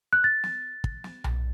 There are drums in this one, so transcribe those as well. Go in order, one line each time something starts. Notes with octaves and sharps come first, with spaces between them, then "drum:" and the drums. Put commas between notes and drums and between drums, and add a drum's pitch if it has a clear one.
F#6
A6
drum: snare
drum: kick
drum: snare
drum: tom B1